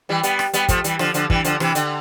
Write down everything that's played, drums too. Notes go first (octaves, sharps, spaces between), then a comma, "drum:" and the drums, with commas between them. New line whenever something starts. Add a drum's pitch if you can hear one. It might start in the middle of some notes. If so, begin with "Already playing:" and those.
E3 G3
G3 B3, drum: hi-hat
drum: rim click
G3 B3, drum: hi-hat
F3 A3, drum: kick, hi-hat
E3 G3, drum: hi-hat
D3 F3, drum: rim click
D3 F3, drum: hi-hat
E3 G3, drum: kick
D3 F3, drum: hi-hat
C3 E3, drum: rim click
D3, drum: hi-hat